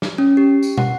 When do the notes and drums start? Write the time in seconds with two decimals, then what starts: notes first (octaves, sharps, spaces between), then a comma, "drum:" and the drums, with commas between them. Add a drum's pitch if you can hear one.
0.02 drum: snare
0.18 C#4
0.37 G4
0.63 drum: tambourine
0.78 F#5, drum: tom